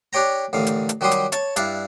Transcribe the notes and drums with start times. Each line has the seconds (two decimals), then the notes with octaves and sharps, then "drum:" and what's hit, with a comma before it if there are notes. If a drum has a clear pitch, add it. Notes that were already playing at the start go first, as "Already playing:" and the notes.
0.13 D4 G4 C#5 G5 A#5
0.53 A1 D3 D#3 F5
0.67 drum: hi-hat
0.89 drum: hi-hat
1.01 D#3 F#3 G3 G4 C6 D#6
1.11 drum: hi-hat
1.32 C#5 A5 C#6, drum: hi-hat
1.56 G2 D4 E4 F5, drum: hi-hat